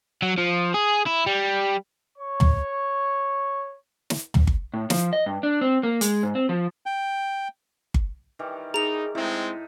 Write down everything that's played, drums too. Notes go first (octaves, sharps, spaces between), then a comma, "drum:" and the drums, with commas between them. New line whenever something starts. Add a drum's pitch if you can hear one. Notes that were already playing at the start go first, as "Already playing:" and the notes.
F#3
F3
G#4
E4
G3
C#5 C#6
drum: tom
drum: snare
drum: tom
drum: kick G1
A2
F3, drum: snare
D#5
G2
D4
C4
A#3
G#3, drum: hi-hat
G#2
C4
F3
G5
drum: kick G1
D#3 E3 G3
D#4 G#4 A#5 F7
A2 G#3 C4 D#4 E4 E5